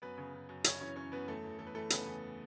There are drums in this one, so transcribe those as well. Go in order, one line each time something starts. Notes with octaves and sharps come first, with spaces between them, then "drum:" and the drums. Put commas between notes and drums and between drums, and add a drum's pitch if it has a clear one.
F#2 B3 B4
C#3
F#2
F#2
C#3 C#4 C#5, drum: hi-hat
E3 C#4 C#5
F#2 C#4 C#5
F#2 B3 B4
E2 A3 A4
E2
E2 A4
B4
E2 A3 A4
C#3 B3 B4, drum: hi-hat
E2